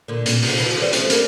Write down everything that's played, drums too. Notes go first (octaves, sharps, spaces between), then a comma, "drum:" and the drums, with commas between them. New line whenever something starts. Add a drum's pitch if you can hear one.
A#2 D3
A#2, drum: hi-hat
C3, drum: open hi-hat
C3 E3
D3 F3
E3 G3
F3 A3, drum: hi-hat
G3 A#3, drum: hi-hat